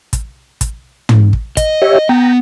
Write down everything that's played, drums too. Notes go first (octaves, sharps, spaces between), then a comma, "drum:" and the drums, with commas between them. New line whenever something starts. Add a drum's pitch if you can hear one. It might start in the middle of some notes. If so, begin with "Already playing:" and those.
drum: kick, hi-hat
drum: kick, hi-hat
drum: tom
drum: kick
D#5, drum: kick, hi-hat
G4 C#5 E5
B3 G5 A#5